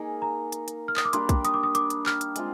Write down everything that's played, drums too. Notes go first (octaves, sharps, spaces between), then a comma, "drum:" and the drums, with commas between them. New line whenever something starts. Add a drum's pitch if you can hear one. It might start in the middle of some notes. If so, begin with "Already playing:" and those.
Already playing: A#3 D#4 G#4 G#5
A#5
drum: hi-hat
drum: hi-hat
F6
D#6, drum: clap
D6
G3 A#3 D4 G4 C6, drum: hi-hat
drum: kick, hi-hat
D#6, drum: hi-hat
D6
D#6
D6, drum: hi-hat
drum: hi-hat
F6, drum: clap
drum: hi-hat
G#3 C4 F4, drum: hi-hat